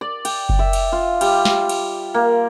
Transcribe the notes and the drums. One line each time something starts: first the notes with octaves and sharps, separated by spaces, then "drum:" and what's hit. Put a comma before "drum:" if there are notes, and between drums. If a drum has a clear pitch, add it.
D5
G5, drum: cymbal
drum: kick F#1
E5
drum: cymbal
F4
G3, drum: cymbal
drum: snare
drum: cymbal
A#3